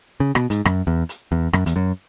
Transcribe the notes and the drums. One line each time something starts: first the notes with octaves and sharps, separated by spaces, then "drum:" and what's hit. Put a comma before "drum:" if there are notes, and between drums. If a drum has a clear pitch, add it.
C#3
B2, drum: rim click
G#2, drum: hi-hat
F#2, drum: rim click
E2
drum: hi-hat
E2
F#2, drum: rim click
E2, drum: hi-hat
F#2